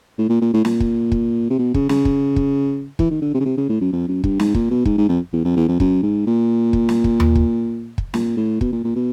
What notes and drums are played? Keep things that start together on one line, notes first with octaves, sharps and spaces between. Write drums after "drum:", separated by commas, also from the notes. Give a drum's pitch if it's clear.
A2
A#2
A#2
A2
A#2, drum: snare
drum: kick
drum: kick
C3
B2
C#3, drum: kick
C#3, drum: snare
drum: kick
drum: kick
E3, drum: kick
D#3
D3
C3
C#3
C3
C#3
A2
F#2
F2
F#2
G2, drum: kick
G#2, drum: snare
A#2, drum: kick
B2
G#2, drum: kick
G#2
F2
E2
F2
E2
F2
F#2, drum: kick
G#2
A#2
drum: kick
drum: snare
drum: kick
drum: tom D#2
drum: kick
drum: kick
A#2, drum: snare
A2
B2, drum: kick
A#2
A#2
B2